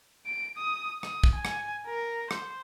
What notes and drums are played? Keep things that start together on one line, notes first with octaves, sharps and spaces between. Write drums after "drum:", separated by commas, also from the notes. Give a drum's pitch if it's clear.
D7
D#6
D#6, drum: rim click
drum: kick
G#5
drum: rim click
A#4
C5, drum: rim click